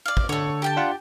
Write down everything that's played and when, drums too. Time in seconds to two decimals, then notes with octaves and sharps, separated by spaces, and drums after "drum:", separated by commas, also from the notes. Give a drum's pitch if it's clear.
0.06 D5 F5
0.17 drum: kick
0.29 D3 A3 C#5
0.62 G4 G5 A5
0.77 D4 F4 F#5